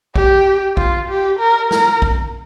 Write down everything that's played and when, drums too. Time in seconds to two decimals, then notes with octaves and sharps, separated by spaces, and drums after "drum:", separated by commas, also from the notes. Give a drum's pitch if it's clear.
0.16 G4, drum: kick
0.77 F4, drum: kick
1.09 G4
1.39 A#4
1.71 A#4, drum: snare
2.02 drum: kick